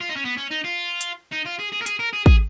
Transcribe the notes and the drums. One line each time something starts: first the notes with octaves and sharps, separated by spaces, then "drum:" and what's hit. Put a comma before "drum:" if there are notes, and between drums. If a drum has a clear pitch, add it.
F4
D#4
C#4
B3
C#4
D#4
F4
drum: hi-hat
D#4
F4
G#4
G#4
A#4
G#4, drum: hi-hat
A#4
G#4
G#4, drum: kick